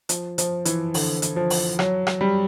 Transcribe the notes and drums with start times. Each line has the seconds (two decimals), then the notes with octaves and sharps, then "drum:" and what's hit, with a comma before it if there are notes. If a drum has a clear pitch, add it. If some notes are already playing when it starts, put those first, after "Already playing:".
0.09 F3, drum: hi-hat
0.38 F3, drum: hi-hat
0.65 E3, drum: hi-hat
0.94 D3, drum: open hi-hat
1.22 drum: hi-hat
1.36 F3
1.50 drum: open hi-hat
1.79 F#3, drum: rim click
2.07 drum: rim click
2.21 G3